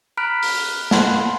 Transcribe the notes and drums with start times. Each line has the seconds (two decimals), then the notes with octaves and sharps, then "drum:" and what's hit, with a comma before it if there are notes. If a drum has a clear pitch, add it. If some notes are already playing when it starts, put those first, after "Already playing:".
0.17 A#5 B5 F6 F#6 B6 D7
0.42 drum: open hi-hat
0.91 F5 F#5 G#5 B5 C6 F#6, drum: snare